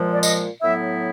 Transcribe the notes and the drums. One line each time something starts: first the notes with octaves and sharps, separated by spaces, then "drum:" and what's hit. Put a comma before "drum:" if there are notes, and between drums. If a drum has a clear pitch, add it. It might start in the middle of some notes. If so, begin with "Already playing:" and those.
Already playing: A#2 F3 G#3 C4
D5
D#5, drum: tambourine
A2 F#3 B3 E4 E5